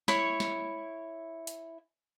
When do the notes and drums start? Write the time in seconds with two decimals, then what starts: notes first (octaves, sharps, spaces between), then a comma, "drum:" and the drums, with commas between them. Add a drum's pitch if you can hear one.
0.08 E4 C#5, drum: snare
0.40 drum: snare
1.47 drum: hi-hat